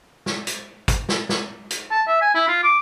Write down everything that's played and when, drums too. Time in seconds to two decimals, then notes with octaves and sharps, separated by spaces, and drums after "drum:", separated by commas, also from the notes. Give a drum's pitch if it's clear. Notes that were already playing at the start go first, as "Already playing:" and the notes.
0.26 drum: snare
0.47 drum: hi-hat
0.88 drum: kick, hi-hat
1.09 drum: snare
1.29 drum: snare
1.71 drum: hi-hat
1.91 A5
2.08 E5
2.22 G#5
2.35 E4
2.48 F4
2.63 D6